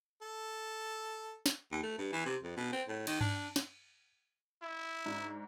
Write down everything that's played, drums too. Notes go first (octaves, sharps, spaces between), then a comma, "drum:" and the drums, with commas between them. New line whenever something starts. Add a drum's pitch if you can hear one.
A4
drum: snare
D#2
A3
G2
E3
C3
F2
B2
C4
A2
D#3, drum: cymbal
D4, drum: tom G2
drum: snare
E4
G#2 D4 F#4